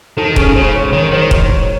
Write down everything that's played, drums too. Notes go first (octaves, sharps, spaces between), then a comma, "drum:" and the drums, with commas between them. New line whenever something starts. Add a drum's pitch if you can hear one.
D#3 A4
C#3 G#4, drum: kick
C#3 C5
C#5
D#3 C#5
D#3 C5
C#5, drum: kick
C#5